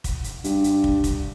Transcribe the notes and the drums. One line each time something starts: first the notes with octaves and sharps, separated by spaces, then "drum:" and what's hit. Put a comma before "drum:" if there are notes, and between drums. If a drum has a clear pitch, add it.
drum: kick, hi-hat
drum: hi-hat
G2, drum: hi-hat
drum: hi-hat
drum: kick
drum: kick, hi-hat